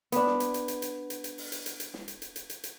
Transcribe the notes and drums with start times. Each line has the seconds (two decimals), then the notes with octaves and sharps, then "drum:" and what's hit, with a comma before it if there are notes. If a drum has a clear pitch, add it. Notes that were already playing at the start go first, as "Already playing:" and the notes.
0.12 B3 D4, drum: hi-hat
0.26 drum: snare
0.40 drum: hi-hat
0.54 drum: hi-hat
0.68 drum: hi-hat
0.82 drum: hi-hat
1.10 drum: hi-hat
1.24 drum: hi-hat
1.38 drum: open hi-hat
1.52 drum: hi-hat
1.66 drum: hi-hat
1.80 drum: hi-hat
1.94 drum: snare
2.08 drum: hi-hat
2.22 drum: hi-hat
2.36 drum: hi-hat
2.50 drum: hi-hat
2.64 drum: hi-hat